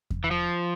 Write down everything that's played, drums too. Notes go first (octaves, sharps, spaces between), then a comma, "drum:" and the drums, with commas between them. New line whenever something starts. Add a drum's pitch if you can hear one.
drum: kick E2
E3
F3